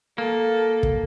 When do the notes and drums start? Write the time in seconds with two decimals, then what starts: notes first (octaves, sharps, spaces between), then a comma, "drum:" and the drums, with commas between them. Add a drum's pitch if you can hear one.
0.18 A#3 A4
0.83 drum: kick